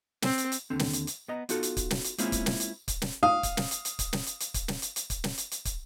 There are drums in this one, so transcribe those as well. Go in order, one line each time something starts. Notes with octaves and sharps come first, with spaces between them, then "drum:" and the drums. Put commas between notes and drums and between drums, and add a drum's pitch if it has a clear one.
C4, drum: snare
drum: hi-hat
drum: hi-hat
D#2 D3 C4
drum: snare
drum: hi-hat
drum: hi-hat
B3 D#5 A#5
B3 D#4 F4 F#4 A4, drum: hi-hat
drum: hi-hat
drum: kick, hi-hat
drum: snare
drum: hi-hat
G#3 A#3 C4 C#4 E4 F4, drum: hi-hat
drum: kick, hi-hat
drum: snare
drum: hi-hat
drum: kick, hi-hat
drum: snare
F5 D#6
drum: kick, hi-hat
drum: snare
drum: hi-hat
drum: hi-hat
drum: kick, hi-hat
drum: snare
drum: hi-hat
drum: hi-hat
drum: kick, hi-hat
drum: snare
drum: hi-hat
drum: hi-hat
drum: kick, hi-hat
drum: snare
drum: hi-hat
drum: hi-hat
drum: kick, hi-hat